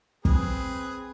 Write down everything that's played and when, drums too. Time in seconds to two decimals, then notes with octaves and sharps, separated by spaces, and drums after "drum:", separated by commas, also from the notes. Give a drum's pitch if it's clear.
0.25 C4 G#4 B4, drum: kick